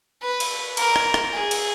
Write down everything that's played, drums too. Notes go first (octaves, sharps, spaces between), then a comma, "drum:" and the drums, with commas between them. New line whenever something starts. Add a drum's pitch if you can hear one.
B4
drum: cymbal
A#4, drum: cymbal
drum: rim click
drum: rim click
G#4
drum: cymbal